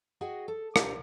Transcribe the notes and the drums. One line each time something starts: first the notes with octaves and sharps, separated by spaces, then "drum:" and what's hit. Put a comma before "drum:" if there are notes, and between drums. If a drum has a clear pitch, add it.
F#4 G#4 D#5 F#5 G5
A4
D4 F4 G4 A#4, drum: rim click